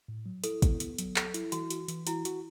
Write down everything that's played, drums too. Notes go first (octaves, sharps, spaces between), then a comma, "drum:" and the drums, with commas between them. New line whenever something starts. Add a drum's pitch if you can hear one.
A2
F#3
E4 A4, drum: hi-hat
B3, drum: kick, hi-hat
B3, drum: hi-hat
F#3, drum: hi-hat
A4, drum: clap
E4, drum: hi-hat
E3 F#4, drum: hi-hat
F#4, drum: hi-hat
E3, drum: hi-hat
E4 F#4, drum: hi-hat
F#4, drum: hi-hat